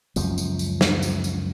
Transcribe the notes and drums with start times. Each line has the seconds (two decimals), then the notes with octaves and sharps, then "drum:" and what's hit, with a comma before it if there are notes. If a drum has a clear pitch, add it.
0.16 C#2 F#2 F3, drum: tambourine
0.38 drum: tambourine
0.59 drum: tambourine
0.81 drum: snare
1.02 drum: tambourine
1.24 drum: tambourine